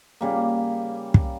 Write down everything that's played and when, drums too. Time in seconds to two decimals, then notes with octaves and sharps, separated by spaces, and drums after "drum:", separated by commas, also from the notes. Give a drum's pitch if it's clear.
0.21 C#3 G3 A#3
1.14 drum: kick